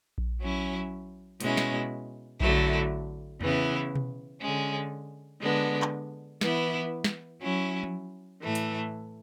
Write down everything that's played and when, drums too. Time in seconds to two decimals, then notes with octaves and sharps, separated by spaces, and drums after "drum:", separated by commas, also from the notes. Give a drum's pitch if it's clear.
0.18 drum: kick A#1
0.40 F#3 C#4 E4
1.40 B2 G#3 C#4 E4, drum: hi-hat
1.57 drum: snare
2.40 D3 F#3 A3 E4, drum: kick A#1
3.41 C#3 E3 B3 E4, drum: tom E2
3.95 drum: tom B2
4.41 D3 G#3 C#4
5.41 D3 G#3 B3 D4
5.82 drum: clap
6.41 E3 B3 E4, drum: snare
7.04 drum: snare
7.41 F#3 C#4 E4
7.84 drum: tom F3
8.42 A2 E3 A3
8.55 drum: hi-hat